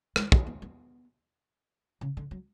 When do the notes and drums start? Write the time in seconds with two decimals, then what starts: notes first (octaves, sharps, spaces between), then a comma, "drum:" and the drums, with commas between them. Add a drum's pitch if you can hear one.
0.16 G#3, drum: rim click
0.32 A3, drum: kick
0.47 B3
0.62 B3
2.01 C#3
2.17 D3
2.31 F#3